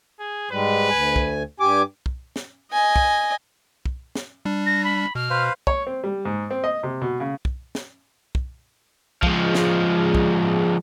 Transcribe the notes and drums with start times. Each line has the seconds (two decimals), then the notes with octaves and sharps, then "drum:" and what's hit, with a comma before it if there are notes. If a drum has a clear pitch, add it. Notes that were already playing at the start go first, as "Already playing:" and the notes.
0.20 G#4
0.51 G#2 G3 G#3 B4
0.90 D2 G#5
1.16 drum: kick
1.60 G2 G4 G#5 D6
2.06 drum: kick
2.36 drum: snare
2.72 D#5 G#5
2.96 drum: kick
3.86 drum: kick
4.15 drum: snare
4.45 G3 D4
4.66 A#6
4.84 B5
5.15 B2 F6
5.30 B2 B4 C5 F5
5.67 C#5, drum: kick
5.87 C4
6.04 G3
6.25 G#2
6.51 C4
6.64 D#5
6.83 C3
7.01 B2
7.20 C#3
7.45 drum: kick
7.75 drum: snare
8.35 drum: kick
9.23 F3 G#3, drum: kick
9.55 drum: snare
10.15 drum: kick